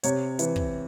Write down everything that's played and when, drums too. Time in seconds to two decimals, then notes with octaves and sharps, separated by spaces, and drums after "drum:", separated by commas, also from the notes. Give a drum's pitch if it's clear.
0.03 C3 C#5, drum: hi-hat
0.39 E3, drum: hi-hat
0.56 drum: kick